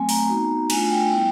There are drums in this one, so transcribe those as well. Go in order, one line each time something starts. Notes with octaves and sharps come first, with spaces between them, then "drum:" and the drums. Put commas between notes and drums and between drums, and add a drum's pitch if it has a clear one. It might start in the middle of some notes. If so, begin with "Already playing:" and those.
Already playing: F#3 A3 C4 G#5
A#5, drum: open hi-hat
B3 D#4 F#4
A3 D4 F4 G#5, drum: cymbal
G#5
G5
G3 B3 E4 G5